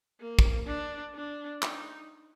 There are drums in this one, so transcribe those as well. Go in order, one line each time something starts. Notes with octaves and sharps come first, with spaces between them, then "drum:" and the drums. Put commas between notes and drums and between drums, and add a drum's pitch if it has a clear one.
A#3
drum: kick
D4
D4
D#4, drum: clap